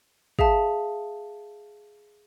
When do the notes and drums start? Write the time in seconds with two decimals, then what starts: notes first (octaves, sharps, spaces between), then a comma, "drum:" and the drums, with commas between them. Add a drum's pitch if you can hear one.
0.39 G#4 E5 F5 A5, drum: kick